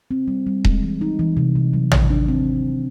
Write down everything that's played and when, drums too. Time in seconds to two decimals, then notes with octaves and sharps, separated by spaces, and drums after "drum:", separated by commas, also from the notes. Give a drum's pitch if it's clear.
0.11 C4
0.28 G3
0.47 G3
0.65 G#3, drum: kick D#1
0.82 E3
1.01 D#4
1.19 E3
1.37 C3
1.55 C3
1.73 F#3
1.91 D#3, drum: tom
2.10 D4
2.29 C4